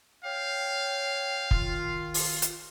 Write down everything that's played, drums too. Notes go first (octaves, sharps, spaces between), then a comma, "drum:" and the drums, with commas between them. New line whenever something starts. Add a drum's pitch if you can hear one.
C#5 F5 G5
D#3 F4, drum: kick F1
drum: open hi-hat
drum: hi-hat